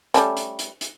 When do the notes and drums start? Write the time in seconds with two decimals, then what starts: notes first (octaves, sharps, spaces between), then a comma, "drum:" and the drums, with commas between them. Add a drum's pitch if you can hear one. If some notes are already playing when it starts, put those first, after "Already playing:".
0.14 G3 A3 C#4, drum: hi-hat
0.37 drum: hi-hat
0.59 drum: hi-hat
0.81 drum: hi-hat